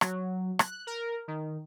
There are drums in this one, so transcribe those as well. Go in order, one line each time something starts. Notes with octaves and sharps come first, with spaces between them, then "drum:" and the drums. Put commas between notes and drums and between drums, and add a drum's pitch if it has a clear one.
F#3, drum: rim click
F#6, drum: rim click
A#4
D#3